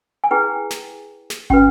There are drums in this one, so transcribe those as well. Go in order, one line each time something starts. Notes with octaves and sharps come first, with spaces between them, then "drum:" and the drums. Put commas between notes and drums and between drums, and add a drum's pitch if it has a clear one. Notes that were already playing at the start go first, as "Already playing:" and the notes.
G#5
E4 G#4 B4 G5
drum: snare
drum: snare
C#4 F#4 B4 G5, drum: kick